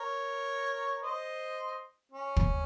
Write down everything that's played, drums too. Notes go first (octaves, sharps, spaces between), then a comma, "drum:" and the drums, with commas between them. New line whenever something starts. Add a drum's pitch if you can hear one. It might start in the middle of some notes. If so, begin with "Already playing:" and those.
Already playing: A#4 C#5
C5 D#5
C#4
drum: kick